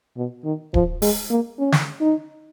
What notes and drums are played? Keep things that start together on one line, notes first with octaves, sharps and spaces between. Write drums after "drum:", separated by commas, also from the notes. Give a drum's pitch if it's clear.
B2
D#3
F3, drum: kick D1
G#3, drum: open hi-hat
A#3
C#4
drum: snare
D#4